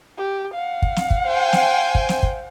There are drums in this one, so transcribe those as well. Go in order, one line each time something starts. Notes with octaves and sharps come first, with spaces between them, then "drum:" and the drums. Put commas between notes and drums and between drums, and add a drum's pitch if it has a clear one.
G4
F5 F#5
drum: kick
drum: snare
drum: kick
C5 G5 G#5
drum: snare
drum: kick
drum: snare
drum: kick